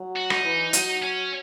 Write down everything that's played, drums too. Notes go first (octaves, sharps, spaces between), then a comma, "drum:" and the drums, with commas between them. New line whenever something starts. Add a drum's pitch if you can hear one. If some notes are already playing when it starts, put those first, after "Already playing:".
Already playing: F#3
F#4
D#4, drum: rim click
E3
F#3, drum: hi-hat
C#4